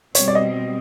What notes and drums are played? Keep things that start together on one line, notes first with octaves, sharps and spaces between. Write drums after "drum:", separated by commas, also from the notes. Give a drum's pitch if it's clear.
B2 G3 C4 C#5, drum: hi-hat
D5
D#5